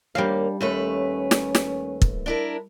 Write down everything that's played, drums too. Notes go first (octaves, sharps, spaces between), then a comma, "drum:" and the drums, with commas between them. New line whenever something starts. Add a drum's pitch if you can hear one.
D#2 G3 A#3 D4 F5
D#2 A3 C#4 B4
drum: snare
drum: snare
drum: kick
D4 E4 A#4